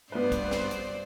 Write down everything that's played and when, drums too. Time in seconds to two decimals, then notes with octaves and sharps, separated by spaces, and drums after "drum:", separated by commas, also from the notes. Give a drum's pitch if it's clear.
0.12 G2 B3 B4 C5 D5
0.32 drum: kick, hi-hat
0.51 drum: snare
0.71 drum: hi-hat